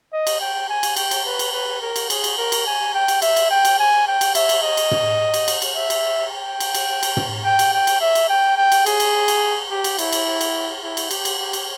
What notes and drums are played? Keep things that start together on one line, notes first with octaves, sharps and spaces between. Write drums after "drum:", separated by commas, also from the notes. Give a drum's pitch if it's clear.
D#5
drum: cymbal
G5
G#5
drum: cymbal
G5, drum: cymbal
drum: cymbal
B4
drum: cymbal
B4
A#4
drum: cymbal
G#4, drum: cymbal
drum: cymbal
A#4
drum: cymbal
G#5
G5
drum: cymbal
E5, drum: cymbal
drum: cymbal
G5
drum: cymbal
G#5
G5
drum: cymbal
E5, drum: cymbal
drum: cymbal
D#5
drum: cymbal
drum: tom
drum: cymbal
drum: cymbal
drum: cymbal
E5
drum: cymbal
G5
drum: cymbal
drum: cymbal
drum: cymbal
drum: tom
G5
drum: cymbal
G5
drum: cymbal
E5
drum: cymbal
G5
G5
drum: cymbal
G#4, drum: cymbal
drum: cymbal
drum: cymbal
G4
drum: cymbal
E4, drum: cymbal
drum: cymbal
drum: cymbal
E4
drum: cymbal
G4, drum: cymbal
drum: cymbal
G4
drum: cymbal